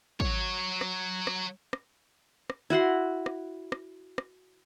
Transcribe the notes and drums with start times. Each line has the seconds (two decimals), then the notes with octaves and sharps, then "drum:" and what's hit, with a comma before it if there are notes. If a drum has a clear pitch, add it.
0.20 F#3 C#5, drum: kick
0.81 drum: rim click
1.27 drum: rim click
1.73 drum: rim click
2.50 drum: rim click
2.70 E4 F#4 F#5 C6
3.26 drum: rim click
3.72 drum: rim click
4.18 drum: rim click